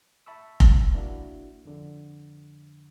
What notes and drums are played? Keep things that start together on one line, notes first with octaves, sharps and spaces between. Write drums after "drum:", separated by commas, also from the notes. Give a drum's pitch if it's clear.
E5 A5 B5 C#6 E6
drum: kick F1
A#3 D4 E4 F#4
F2 D3